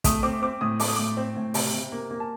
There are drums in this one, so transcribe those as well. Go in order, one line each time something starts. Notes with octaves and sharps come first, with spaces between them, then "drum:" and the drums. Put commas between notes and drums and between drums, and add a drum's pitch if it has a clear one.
A3 D#6, drum: kick, hi-hat
C4 D6
C4 D6
A2 D#6
A3 D6, drum: open hi-hat
D#6
A2 D6
C4
A2
C3, drum: open hi-hat
C3
A#3
A#3
A5